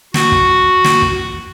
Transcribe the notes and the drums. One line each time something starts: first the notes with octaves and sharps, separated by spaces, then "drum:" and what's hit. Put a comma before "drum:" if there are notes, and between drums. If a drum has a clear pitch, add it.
F#4, drum: snare
drum: kick
drum: snare
drum: kick